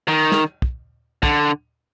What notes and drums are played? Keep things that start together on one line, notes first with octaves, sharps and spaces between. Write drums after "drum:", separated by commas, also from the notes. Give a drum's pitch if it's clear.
D#3
drum: snare
drum: kick
D3, drum: kick